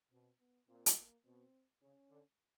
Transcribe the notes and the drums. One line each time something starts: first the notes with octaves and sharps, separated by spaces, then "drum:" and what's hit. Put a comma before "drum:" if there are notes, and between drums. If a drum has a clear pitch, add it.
B2 C4
B3
A#2 C4
drum: hi-hat
A#3
B2 C4
C#3 C#4
D3